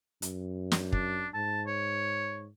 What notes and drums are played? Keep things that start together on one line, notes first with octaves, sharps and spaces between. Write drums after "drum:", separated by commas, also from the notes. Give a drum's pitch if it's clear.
F#2, drum: hi-hat
drum: snare
D4, drum: kick
G#2 A5
C#5